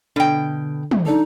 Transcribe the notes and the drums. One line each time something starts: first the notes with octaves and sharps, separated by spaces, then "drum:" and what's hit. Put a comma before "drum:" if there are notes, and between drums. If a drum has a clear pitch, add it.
B2 D3 G5
drum: tom
D4 D#4 A4